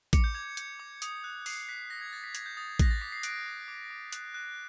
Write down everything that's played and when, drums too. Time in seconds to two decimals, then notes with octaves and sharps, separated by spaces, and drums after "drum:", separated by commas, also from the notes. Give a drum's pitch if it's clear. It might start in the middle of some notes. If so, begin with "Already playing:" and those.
0.13 D6 C#7, drum: kick A1, hi-hat
0.24 G6
0.34 D6 G#6
0.57 G6, drum: hi-hat
0.80 D6
1.02 D#6, drum: hi-hat
1.24 F#6
1.46 D#6 C7, drum: open hi-hat
1.69 F#6 B6
1.90 F#6 A#6
2.01 G#6
2.13 F#6 A6
2.24 B6
2.35 D#6 G#6, drum: hi-hat
2.46 G6
2.57 D#6 A6
2.68 G#6
2.79 F#6 A#6, drum: kick A1, hi-hat
2.91 A6
3.01 D6 B6
3.12 C7
3.23 F#6 D7, drum: hi-hat
3.46 D6
3.68 D6
3.90 D6
4.12 F#6, drum: hi-hat
4.34 F#6